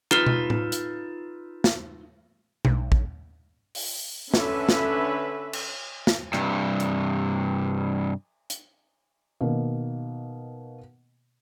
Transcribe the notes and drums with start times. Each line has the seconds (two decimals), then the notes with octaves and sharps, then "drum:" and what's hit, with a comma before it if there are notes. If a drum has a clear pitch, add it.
0.11 D#4 F4 A4 B4, drum: clap
0.26 drum: tom B2
0.50 drum: tom A2
0.72 drum: hi-hat
1.64 drum: snare
2.65 B1, drum: tom B2
2.92 drum: kick
3.75 drum: open hi-hat
4.34 D3 C#4 B4 E5, drum: snare
4.69 drum: snare
5.53 drum: cymbal
6.07 drum: snare
6.33 G2 C3, drum: rim click
6.80 drum: hi-hat
8.50 drum: hi-hat
9.41 B2 D#3 A#3